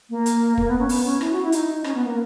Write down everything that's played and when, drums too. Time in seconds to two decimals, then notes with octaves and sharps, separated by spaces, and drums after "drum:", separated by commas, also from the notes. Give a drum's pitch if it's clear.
0.10 A#3
0.26 drum: hi-hat
0.57 A#3, drum: kick
0.68 B3
0.79 C#4
0.89 B3, drum: open hi-hat
1.05 C#4
1.21 E4, drum: rim click
1.31 F#4
1.42 E4
1.52 D#4, drum: hi-hat
1.84 C#4, drum: rim click
1.95 B3
2.05 A#3